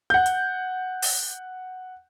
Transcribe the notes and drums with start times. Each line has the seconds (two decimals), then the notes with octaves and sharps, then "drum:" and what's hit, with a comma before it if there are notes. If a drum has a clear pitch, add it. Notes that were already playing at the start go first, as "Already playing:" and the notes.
0.10 F#5 G6
0.26 drum: hi-hat
1.02 drum: open hi-hat